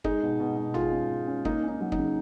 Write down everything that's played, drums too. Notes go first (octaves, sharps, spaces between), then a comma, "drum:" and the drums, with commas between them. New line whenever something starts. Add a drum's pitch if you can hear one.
G#3 D#4, drum: kick
B2
B2
B2
G#3 F4, drum: tom
C#4
B2
C#4
A#3 D#4, drum: kick
C#4
D#4
F#3
D#4, drum: kick
C#3